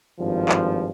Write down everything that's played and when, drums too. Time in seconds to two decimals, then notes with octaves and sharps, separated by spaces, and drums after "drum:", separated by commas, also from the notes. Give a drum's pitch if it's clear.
0.20 G#1 G2 F3
0.49 drum: clap